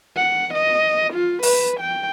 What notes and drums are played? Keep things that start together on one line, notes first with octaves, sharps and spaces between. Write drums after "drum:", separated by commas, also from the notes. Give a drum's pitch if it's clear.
F#5
D#5
F4
B4, drum: open hi-hat
G5